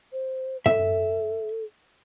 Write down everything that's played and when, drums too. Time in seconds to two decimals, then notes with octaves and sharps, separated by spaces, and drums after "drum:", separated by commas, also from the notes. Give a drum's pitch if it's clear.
0.13 C5
0.66 A4 E5, drum: tom